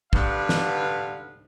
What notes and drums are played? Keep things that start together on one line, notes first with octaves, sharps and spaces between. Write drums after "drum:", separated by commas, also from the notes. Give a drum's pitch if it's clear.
G2 D3 B3 B4 F5, drum: kick
drum: snare